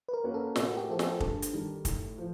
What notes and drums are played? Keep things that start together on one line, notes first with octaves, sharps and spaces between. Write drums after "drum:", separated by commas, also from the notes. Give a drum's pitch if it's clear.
B4
A#4
A#3 C#4 F#4 B4
A4
A2 G#4, drum: snare
F#4
G4
F3 A3 C4 A4
G#4, drum: snare
G2 A4, drum: kick
drum: hi-hat
D#3 G3
A2, drum: kick, hi-hat
F3